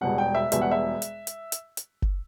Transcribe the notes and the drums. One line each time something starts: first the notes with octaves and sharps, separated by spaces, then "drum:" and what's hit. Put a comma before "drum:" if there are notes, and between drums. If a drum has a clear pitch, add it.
E1 E2 B2 G3 F#5
G5
E5
E1 E2 B2 G3 E5, drum: hi-hat
F#5
E5
drum: hi-hat
drum: hi-hat
drum: hi-hat
drum: hi-hat
drum: kick F#1